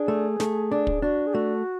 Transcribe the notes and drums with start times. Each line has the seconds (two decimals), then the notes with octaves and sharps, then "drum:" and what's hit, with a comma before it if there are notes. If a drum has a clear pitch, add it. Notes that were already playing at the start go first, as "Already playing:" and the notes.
Already playing: D4 G#4
0.08 A3
0.40 A3, drum: snare
0.71 D4
0.87 drum: kick
1.02 D4 F#4
1.27 G#4
1.34 A3 F#4